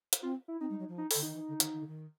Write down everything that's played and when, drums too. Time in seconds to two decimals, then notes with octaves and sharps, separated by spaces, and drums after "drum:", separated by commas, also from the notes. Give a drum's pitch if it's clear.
0.13 drum: hi-hat
0.22 C4 F4
0.48 E4
0.60 C4 D#4
0.70 G3
0.79 F#3
0.88 F3
0.98 D#4
1.11 A4, drum: open hi-hat
1.15 D3
1.23 D#3 D#4
1.35 E3
1.48 D3
1.60 D#3, drum: hi-hat
1.73 D#3
1.80 D3
1.87 D#3